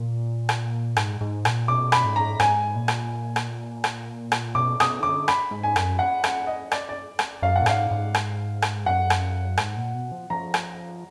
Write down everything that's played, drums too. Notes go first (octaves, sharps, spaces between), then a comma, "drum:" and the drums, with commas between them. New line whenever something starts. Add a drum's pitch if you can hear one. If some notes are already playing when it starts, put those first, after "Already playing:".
Already playing: A#2
drum: rim click
G#2, drum: rim click
G#2
A#2, drum: rim click
B2 D6
B5, drum: rim click
G#2
A#5
G#2 G#5, drum: rim click
A#2
drum: rim click
drum: rim click
drum: rim click
drum: rim click
B2 D6
B2 D#6, drum: rim click
D#3
D3 D6
B5, drum: rim click
G#2
G#5
F#2, drum: rim click
F#5
F#5, drum: rim click
D#5
D5, drum: rim click
D5
drum: rim click
F#2 F5
F#5
A#2
G#2 F5, drum: rim click
G#2
drum: rim click
drum: rim click
F#2 F#5
drum: rim click
G#2, drum: rim click
A#2
B2
F3
F3 A#5
drum: rim click